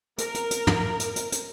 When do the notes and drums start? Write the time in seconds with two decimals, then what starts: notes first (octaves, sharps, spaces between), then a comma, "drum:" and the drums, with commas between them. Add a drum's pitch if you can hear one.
0.18 A#4, drum: hi-hat
0.35 drum: hi-hat
0.51 drum: hi-hat
0.67 drum: tom
1.00 drum: hi-hat
1.16 drum: hi-hat
1.32 drum: hi-hat